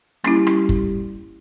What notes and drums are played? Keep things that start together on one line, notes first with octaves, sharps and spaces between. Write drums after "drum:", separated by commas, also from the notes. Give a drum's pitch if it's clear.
G3 A#3 C#4 E4, drum: rim click
drum: rim click
drum: kick